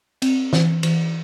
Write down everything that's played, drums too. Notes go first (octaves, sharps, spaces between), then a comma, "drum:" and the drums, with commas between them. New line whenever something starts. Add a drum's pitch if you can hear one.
C4, drum: cymbal
E3, drum: snare
E3, drum: cymbal